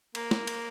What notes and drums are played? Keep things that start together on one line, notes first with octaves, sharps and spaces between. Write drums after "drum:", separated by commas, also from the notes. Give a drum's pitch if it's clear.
A#3, drum: cymbal
drum: snare
drum: cymbal